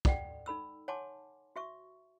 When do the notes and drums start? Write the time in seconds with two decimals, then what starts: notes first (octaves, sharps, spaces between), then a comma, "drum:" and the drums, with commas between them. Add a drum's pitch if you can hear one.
0.05 A4 D5 F#5 G5, drum: kick
0.46 D#4 A4 B5 E6
0.88 C#5 F#5 G#5 A5 C6 D6
1.56 F#4 E5 C#6